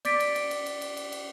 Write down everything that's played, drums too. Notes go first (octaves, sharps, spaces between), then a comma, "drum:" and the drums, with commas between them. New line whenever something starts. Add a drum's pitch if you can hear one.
D5 D6 A6 B6 D7, drum: cymbal
drum: cymbal
drum: cymbal
drum: cymbal
drum: cymbal
drum: cymbal
drum: cymbal
drum: cymbal